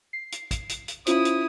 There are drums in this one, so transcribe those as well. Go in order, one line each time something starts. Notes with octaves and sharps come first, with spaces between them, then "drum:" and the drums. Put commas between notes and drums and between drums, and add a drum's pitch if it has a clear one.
C7
drum: hi-hat
drum: kick, hi-hat
drum: hi-hat
drum: hi-hat
C#4 E4 F4 C5 D#6, drum: hi-hat
drum: hi-hat